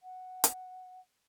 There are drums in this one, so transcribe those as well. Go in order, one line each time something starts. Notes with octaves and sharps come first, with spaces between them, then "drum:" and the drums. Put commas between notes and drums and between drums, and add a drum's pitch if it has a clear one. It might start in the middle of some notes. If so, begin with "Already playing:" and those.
F#5
drum: hi-hat